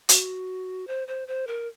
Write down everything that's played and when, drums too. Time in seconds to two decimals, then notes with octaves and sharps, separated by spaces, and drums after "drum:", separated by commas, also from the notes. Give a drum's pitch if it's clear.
0.09 F#4, drum: hi-hat
0.87 C5
1.08 C5
1.28 C5
1.47 A#4